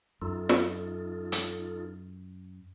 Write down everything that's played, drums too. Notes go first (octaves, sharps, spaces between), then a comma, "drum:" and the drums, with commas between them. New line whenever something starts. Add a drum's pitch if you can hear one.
F#2 D#4 F4 A4
drum: snare
drum: hi-hat